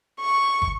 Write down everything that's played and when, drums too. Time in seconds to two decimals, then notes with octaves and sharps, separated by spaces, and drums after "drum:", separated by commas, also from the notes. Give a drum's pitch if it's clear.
0.20 C#6
0.62 drum: kick